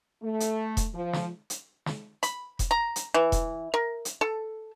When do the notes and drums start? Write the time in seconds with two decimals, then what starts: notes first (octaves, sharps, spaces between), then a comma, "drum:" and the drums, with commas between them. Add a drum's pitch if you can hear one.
0.23 A3
0.40 drum: hi-hat
0.77 drum: kick E1, hi-hat
0.94 F3
1.13 drum: snare
1.50 drum: hi-hat
1.86 drum: snare
2.23 B5, drum: hi-hat
2.59 drum: kick E1, hi-hat
2.71 A#5
2.96 drum: hi-hat
3.14 E3
3.32 drum: kick E1, hi-hat
3.74 A#4
4.05 drum: hi-hat
4.21 A4